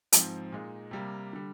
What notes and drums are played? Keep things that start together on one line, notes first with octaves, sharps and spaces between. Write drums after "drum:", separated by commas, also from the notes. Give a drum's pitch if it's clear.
G#2 F3 C4, drum: hi-hat
A#2 G#3 D#4
C3 G3 A#3
D3 G3